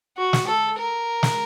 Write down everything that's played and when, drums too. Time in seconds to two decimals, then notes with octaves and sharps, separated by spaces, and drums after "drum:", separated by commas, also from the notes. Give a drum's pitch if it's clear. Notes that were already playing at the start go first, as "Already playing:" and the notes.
0.17 F#4
0.33 drum: snare
0.47 A4
0.78 A#4
1.23 drum: snare